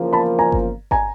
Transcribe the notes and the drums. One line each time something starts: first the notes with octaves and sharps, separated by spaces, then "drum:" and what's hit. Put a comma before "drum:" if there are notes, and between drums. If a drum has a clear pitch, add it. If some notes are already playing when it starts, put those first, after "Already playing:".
Already playing: E2 C#3 F3 A#3
A5 B5
G#5 A#5
drum: kick G1
G#5 A#5, drum: kick G1